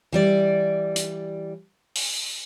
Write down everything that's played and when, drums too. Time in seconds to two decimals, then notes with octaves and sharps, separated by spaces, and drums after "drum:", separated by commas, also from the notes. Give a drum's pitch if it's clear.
0.12 E3 G3 D5
0.96 drum: hi-hat
1.95 drum: open hi-hat